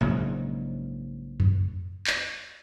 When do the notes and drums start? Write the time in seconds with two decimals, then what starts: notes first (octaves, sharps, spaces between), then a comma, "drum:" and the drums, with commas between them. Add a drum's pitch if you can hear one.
0.01 A#1 G#2 C#3 F#3
1.40 drum: tom F2
2.07 drum: clap